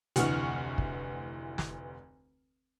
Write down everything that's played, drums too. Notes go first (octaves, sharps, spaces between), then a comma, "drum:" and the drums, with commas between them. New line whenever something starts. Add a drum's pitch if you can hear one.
F1 D2 E3 F#5 C#6 F6, drum: hi-hat
drum: kick
drum: snare